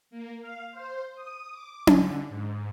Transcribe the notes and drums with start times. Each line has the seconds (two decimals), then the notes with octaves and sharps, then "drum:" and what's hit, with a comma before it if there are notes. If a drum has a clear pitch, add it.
0.11 A#3
0.40 F5
0.72 C5
1.15 D#6
1.50 D6
1.87 D3, drum: tom C#4
2.28 G#2